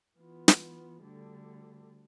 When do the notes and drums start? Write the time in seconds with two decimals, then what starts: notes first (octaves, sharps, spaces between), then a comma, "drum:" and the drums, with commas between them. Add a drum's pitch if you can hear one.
0.17 E3 B3 F4
0.48 drum: snare
1.01 D2 D3 G3